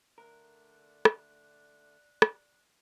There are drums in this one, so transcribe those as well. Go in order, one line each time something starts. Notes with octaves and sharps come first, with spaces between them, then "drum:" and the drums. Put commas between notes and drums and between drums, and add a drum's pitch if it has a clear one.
D3 A3 A#4 D5 F#6
drum: rim click
drum: rim click